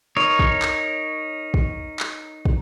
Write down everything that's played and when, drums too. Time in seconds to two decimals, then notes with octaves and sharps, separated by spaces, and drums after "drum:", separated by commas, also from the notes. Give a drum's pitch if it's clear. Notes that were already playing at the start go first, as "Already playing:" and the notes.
0.17 D#4 A#4 C#5
0.39 drum: kick
0.62 drum: clap
1.54 drum: kick
2.00 drum: clap
2.45 drum: kick